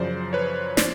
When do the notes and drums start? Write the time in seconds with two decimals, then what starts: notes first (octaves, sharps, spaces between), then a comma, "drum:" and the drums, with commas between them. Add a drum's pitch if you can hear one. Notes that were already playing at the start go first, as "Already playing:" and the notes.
Already playing: F#2 C#3 F3 C5 D5
0.33 B4 C#5
0.77 F3 C5 D5, drum: snare